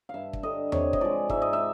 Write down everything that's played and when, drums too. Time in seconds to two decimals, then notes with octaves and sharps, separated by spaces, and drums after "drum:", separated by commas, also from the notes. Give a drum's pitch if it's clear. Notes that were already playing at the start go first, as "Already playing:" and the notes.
0.09 G2 E5 F5
0.33 drum: kick
0.43 D3 G3 D#5
0.72 C3 C#5, drum: tom E2
0.93 D#5, drum: kick
1.01 F3 G#3 D5
1.30 G#2 E5, drum: kick
1.42 D#5
1.53 E5